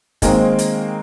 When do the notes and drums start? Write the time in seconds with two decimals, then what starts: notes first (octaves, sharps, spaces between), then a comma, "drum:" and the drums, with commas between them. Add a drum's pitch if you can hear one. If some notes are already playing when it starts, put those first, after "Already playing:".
0.22 D#3 G#3 A#3 C4, drum: kick, hi-hat
0.59 drum: hi-hat